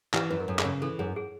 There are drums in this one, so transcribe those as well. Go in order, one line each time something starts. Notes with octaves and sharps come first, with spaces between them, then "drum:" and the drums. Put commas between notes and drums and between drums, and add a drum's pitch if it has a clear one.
E3 G4, drum: clap
F#2 B4
A#4
F#2 A4
G#4, drum: clap
C#3
E3 A4
F#2 G#4
G#4